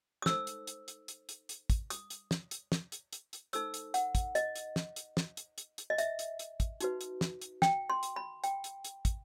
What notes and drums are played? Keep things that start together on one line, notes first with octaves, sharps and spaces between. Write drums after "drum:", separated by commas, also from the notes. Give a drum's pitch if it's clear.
D#6
D#4 A4 C5 E6, drum: snare
drum: hi-hat
drum: hi-hat
drum: hi-hat
drum: hi-hat
drum: hi-hat
drum: hi-hat
drum: kick, hi-hat
D#6, drum: hi-hat
drum: hi-hat
drum: snare
drum: hi-hat
drum: snare
drum: hi-hat
drum: hi-hat
drum: hi-hat
D#4 A4 C5 E6, drum: hi-hat
drum: hi-hat
F#5, drum: hi-hat
drum: kick, hi-hat
D#5, drum: hi-hat
drum: hi-hat
drum: snare
drum: hi-hat
drum: snare
drum: hi-hat
drum: hi-hat
drum: hi-hat
D#5
E5, drum: hi-hat
drum: hi-hat
drum: hi-hat
drum: kick, hi-hat
D#4 F#4 B4, drum: hi-hat
drum: hi-hat
drum: snare
drum: hi-hat
G5, drum: snare
C6
drum: hi-hat
B5
G5, drum: hi-hat
drum: hi-hat
drum: hi-hat
drum: kick, hi-hat